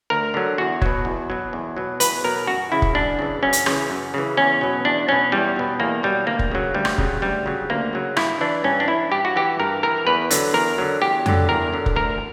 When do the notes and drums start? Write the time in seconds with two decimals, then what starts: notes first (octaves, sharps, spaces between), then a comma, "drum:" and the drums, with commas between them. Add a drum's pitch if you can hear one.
0.10 D2 A#4
0.34 D3 F#3
0.58 E2 F#4
0.82 B2 F#3, drum: kick
1.05 E2
1.30 B2 F#3
1.53 E2
1.77 B2 F#3
2.00 E2 B4, drum: hi-hat
2.24 B2 F#3 A#4
2.47 F#2 F#4
2.71 C#3 E3 E4
2.82 drum: kick
2.95 F#2 D4
3.19 C#3 E3
3.43 F#2 C#4
3.53 drum: hi-hat
3.66 C#3 E3, drum: rim click
3.90 F#2
4.14 C#3 E3
4.37 E2 C#4
4.61 B2 F#3
4.85 E2 D4
5.08 B2 F#3 C#4
5.32 E2 G3
5.56 B2 F#3
5.80 E2 A#3
6.03 B2 F#3 G3
6.27 D2 A#3
6.39 drum: kick
6.52 C#3 F#3
6.75 D2 G3
6.85 drum: rim click
6.98 C#3 F#3, drum: kick
7.22 D2 G3
7.46 C#3 F#3
7.70 D2 A#3
7.93 C#3 F#3
8.17 G2 E4, drum: rim click
8.41 E3 D4
8.64 G2 C#4
8.80 D4
8.88 E3 E4
9.12 G2 G4
9.25 F#4
9.36 E3 G4
9.60 G2 A#4
9.83 E3 A#4
10.07 E2 B4
10.31 D3 F#3, drum: hi-hat
10.54 E2 A#4
10.78 D3 F#3
11.02 E2 G4
11.26 D3 F#3, drum: tom F2
11.49 E2 A#4
11.73 D3 F#3
11.86 drum: kick
11.96 D2 A#4